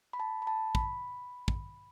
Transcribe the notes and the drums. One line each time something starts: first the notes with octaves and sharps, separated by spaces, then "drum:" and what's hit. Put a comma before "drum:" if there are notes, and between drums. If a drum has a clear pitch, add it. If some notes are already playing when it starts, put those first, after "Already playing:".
B5
A5
B5
A5
B5, drum: kick
drum: kick